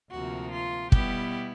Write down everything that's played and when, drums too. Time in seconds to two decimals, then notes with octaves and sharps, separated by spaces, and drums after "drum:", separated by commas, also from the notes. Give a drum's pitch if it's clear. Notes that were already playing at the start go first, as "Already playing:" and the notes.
0.10 D2 C3 F3 A#3 F#4
0.51 F4
0.92 B2 G3 B3 E4 G4, drum: kick